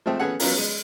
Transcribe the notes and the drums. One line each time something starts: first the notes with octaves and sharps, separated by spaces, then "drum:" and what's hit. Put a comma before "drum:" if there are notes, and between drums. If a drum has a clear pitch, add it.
F3 G#3 A3 C4
B3 C#4 G#4 A4 F#5
F#3 B3 C#4 F4 A#4, drum: open hi-hat
G#3